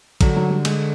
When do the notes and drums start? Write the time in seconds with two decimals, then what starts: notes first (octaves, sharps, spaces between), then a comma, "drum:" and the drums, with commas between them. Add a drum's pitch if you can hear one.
0.21 D3 F#3, drum: kick A1, cymbal
0.36 F#3
0.50 G3
0.65 G#3, drum: cymbal